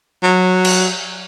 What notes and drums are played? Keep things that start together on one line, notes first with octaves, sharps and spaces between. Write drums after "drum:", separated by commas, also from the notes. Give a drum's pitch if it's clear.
F#3
drum: cymbal